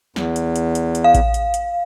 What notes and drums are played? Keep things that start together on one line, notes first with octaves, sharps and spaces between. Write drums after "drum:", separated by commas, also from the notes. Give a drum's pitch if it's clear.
E2, drum: snare
drum: hi-hat
drum: hi-hat
drum: hi-hat
drum: hi-hat
F5
drum: kick A1, hi-hat
drum: hi-hat
drum: hi-hat